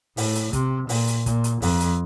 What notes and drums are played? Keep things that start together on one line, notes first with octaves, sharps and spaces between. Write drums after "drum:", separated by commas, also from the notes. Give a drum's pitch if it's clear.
A2, drum: open hi-hat
drum: hi-hat
C3, drum: kick, hi-hat
A#2, drum: open hi-hat
drum: hi-hat
A#2, drum: kick, hi-hat
drum: hi-hat
F2, drum: open hi-hat
drum: hi-hat